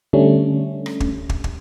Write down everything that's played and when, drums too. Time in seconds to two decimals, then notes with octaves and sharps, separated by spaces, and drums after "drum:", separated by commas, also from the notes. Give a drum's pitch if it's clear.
0.13 D3 G3 A3 C#4
0.86 drum: rim click
1.00 drum: kick
1.29 drum: kick
1.44 drum: kick